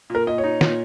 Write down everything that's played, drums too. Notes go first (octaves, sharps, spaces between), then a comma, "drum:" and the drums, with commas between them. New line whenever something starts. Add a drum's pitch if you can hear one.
A#2 A#4
A#2 D#5
C#5
D#4
A#2, drum: snare